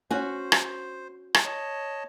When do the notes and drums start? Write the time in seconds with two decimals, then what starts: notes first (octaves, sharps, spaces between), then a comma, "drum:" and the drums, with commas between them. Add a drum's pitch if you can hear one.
0.11 C#4 F#4 C5
0.52 drum: rim click
1.34 drum: rim click
1.45 C#5 D#5 A5